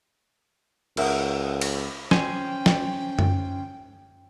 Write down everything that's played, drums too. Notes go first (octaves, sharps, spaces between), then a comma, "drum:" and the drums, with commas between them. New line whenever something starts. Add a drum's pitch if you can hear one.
C#2 A#4 E5 F#5, drum: cymbal
drum: cymbal
C#4 C5 G5 G#5, drum: snare
drum: snare
drum: tom F#2